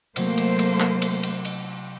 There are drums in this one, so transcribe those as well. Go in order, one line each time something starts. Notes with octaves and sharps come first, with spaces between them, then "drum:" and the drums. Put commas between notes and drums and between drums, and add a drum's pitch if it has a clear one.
C3 F#3 A3 A#3 C4 C5, drum: cymbal
drum: cymbal
drum: cymbal
drum: clap
drum: cymbal
drum: cymbal
drum: cymbal